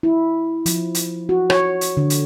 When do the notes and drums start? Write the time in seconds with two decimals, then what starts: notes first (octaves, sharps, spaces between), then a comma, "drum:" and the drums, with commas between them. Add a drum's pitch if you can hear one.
0.03 E4
0.66 F3, drum: hi-hat
0.95 drum: hi-hat
1.29 F#4
1.50 C#5, drum: rim click
1.81 drum: hi-hat
1.97 D3
2.10 drum: hi-hat